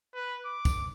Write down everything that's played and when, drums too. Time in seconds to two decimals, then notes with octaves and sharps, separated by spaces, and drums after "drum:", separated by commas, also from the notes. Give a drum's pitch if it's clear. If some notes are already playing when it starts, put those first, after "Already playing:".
0.14 B4
0.45 D6
0.65 drum: kick, tambourine